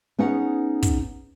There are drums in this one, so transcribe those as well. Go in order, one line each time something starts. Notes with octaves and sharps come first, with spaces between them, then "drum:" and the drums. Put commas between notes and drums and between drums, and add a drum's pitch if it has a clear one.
B3 C#4 D#4 G#4 F#5
drum: kick, hi-hat